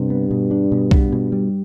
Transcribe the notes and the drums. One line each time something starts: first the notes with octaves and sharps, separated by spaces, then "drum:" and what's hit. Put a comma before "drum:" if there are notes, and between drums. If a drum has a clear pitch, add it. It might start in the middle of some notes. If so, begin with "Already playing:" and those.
Already playing: G2 C3
B3
B2
D4
B2
B3, drum: kick B1
B2
G3